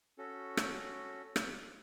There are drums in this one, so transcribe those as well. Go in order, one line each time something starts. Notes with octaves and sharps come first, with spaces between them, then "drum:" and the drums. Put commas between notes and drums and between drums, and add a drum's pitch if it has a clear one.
C#4 F#4 A4
drum: rim click
drum: rim click